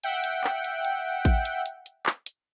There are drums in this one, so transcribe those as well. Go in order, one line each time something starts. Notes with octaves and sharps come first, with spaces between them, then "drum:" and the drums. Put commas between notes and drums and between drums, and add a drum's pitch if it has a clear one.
E5 F#5 G5, drum: hi-hat
drum: hi-hat
drum: clap
drum: hi-hat
drum: hi-hat
drum: kick A1, hi-hat
drum: hi-hat
drum: hi-hat
drum: hi-hat
drum: clap
drum: hi-hat